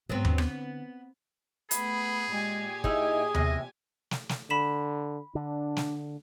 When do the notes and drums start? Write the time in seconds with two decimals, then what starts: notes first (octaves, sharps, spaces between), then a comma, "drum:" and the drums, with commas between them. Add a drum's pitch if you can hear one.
0.09 G#2 F#3 B3 C4
0.25 D3, drum: tom D#2
0.38 B3, drum: rim click
1.71 A3 B3 G#4 B5, drum: hi-hat
2.31 A#2 G#3 G4 G#5
2.84 D#4 E4 G#4, drum: kick
3.34 E2 C3 D#5, drum: tom D#2
4.11 drum: snare
4.29 drum: snare
4.50 D3 B5 B6 E7
5.35 D3 D4
5.77 drum: snare